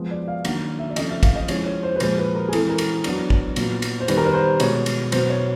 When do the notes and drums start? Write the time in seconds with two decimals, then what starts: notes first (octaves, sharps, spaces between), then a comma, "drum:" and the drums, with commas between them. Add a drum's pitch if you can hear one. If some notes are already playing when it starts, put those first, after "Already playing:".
Already playing: F3 G#3 B3
0.11 D5
0.28 F5
0.45 D#3 F#3 A#3 D4 F#5, drum: cymbal
0.79 E5
0.90 D5
0.96 C#3 F3 A3 C4 D#5, drum: cymbal
1.09 E5
1.23 F5, drum: kick, cymbal
1.35 D#5
1.48 F3 G#3 C#4 E4 C#5, drum: cymbal
1.66 C#5
1.83 C5
1.96 B4
2.00 A#2 F3 G#3 C5, drum: cymbal
2.18 B4
2.35 A#4
2.48 G#4
2.53 E3 G#3 C4 E4 A4, drum: cymbal
2.69 A#4
2.78 drum: cymbal
3.04 F#3 B3 D4, drum: cymbal
3.30 drum: kick
3.56 A#2 F#3 B3, drum: cymbal
3.82 drum: cymbal
4.00 C5
4.08 D#3 G3 B3 B4, drum: cymbal
4.17 A#4
4.26 B4
4.34 C5
4.60 B2 G#3 B3 C#5, drum: cymbal
4.86 drum: cymbal
5.12 B2 F#3 B3 C5, drum: cymbal
5.30 C#5